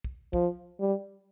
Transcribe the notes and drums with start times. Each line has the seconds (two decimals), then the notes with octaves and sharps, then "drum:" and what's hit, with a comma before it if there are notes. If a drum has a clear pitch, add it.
0.04 drum: kick
0.33 F3, drum: kick
0.80 G3